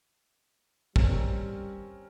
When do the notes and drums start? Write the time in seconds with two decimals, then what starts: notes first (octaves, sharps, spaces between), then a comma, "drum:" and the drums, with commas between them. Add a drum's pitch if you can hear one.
0.96 G3 C4 C#4 A#4, drum: kick